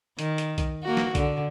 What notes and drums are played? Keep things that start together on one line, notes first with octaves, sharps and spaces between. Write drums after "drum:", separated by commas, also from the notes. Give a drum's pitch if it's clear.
D#3, drum: hi-hat
drum: hi-hat
drum: kick B1, hi-hat
A#3 F#4
drum: snare
D3, drum: kick B1, hi-hat